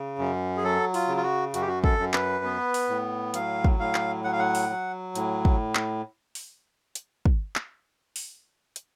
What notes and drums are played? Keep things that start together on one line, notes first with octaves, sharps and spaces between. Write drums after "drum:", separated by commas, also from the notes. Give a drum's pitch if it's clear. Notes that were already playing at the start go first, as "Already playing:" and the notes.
Already playing: C#3
F#2
G#4
F#3 A4
F4, drum: open hi-hat
C#3
F4
F#4
F#2 F#4, drum: hi-hat
G4
F#4
A4, drum: kick
F#2
B4, drum: clap
B3
drum: open hi-hat
A2
F#3 F5, drum: hi-hat
drum: kick
A2 F5
drum: clap
F#3 F#5
F5
F#5
drum: open hi-hat
F#3
A2, drum: hi-hat
drum: kick
drum: clap
drum: open hi-hat
drum: hi-hat
drum: kick
drum: clap
drum: open hi-hat
drum: hi-hat